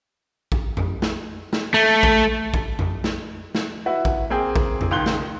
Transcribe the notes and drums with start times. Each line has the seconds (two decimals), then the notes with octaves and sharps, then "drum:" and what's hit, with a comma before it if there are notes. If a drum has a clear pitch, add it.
0.52 drum: kick A#1
0.77 drum: tom F2
1.02 drum: snare
1.53 drum: snare
1.74 A3
2.03 drum: kick A#1
2.54 drum: kick A#1
2.79 drum: tom F2
3.04 drum: snare
3.55 drum: snare
3.86 E4 F#4 B4
4.05 drum: kick A#1
4.30 A#3 C4 G#4 G5
4.56 drum: kick A#1
4.81 drum: tom F2
4.91 C#2 D#3 C6 F#6 G7
5.06 drum: snare